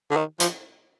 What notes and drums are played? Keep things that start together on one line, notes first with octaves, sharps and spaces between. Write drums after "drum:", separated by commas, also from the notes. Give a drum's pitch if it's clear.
D3
D#3
F3, drum: hi-hat